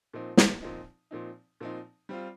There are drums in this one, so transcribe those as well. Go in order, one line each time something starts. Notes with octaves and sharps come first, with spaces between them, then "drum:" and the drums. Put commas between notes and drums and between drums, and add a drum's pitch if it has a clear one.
A#2 F3 C4 D#4
drum: snare
A#2 F3 C4 D#4
A#2 F3 C4 D#4
A#2 F3 C4 D#4
G3 C4 F4